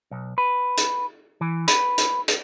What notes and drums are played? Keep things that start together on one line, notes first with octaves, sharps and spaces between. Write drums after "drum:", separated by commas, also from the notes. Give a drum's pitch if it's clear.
B1
B4
drum: hi-hat
E3
B4, drum: hi-hat
drum: hi-hat
drum: hi-hat